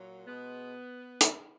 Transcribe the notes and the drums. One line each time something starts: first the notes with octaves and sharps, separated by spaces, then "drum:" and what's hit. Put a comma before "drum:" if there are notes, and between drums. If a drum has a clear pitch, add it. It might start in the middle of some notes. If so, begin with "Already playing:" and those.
Already playing: A#2 F#3
B2 G#3 B3
drum: hi-hat